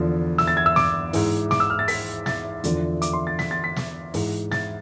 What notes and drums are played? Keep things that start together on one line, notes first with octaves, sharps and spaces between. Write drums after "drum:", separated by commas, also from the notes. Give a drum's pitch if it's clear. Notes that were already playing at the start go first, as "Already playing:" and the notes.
Already playing: E2 D3 F3
E6, drum: snare
A6
G#6
E6
D6, drum: snare
G#2 E3, drum: open hi-hat
D6, drum: snare
E6
F6
A6
B6, drum: open hi-hat
A6, drum: snare
E2 D3 F3, drum: hi-hat
D6, drum: hi-hat
C6
A6
B6, drum: snare
A6
B6
drum: snare
G#2 E3, drum: open hi-hat
A6, drum: snare